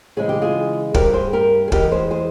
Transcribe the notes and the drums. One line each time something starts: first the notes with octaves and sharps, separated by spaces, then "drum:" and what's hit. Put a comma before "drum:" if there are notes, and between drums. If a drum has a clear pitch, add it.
C#3 E3 G#3 C4 G#4
G4
F4 G#4
G2 G3 C4 G4 A#4, drum: kick
G#4 C5
G4 A#4
G#4
E2 E3 G#3 G4 A#4, drum: kick
G#4 C5
G#4 C5